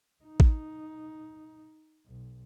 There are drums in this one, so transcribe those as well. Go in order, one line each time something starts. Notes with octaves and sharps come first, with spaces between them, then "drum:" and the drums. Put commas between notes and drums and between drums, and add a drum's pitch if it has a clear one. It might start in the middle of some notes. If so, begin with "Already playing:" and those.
D#4
drum: kick
B1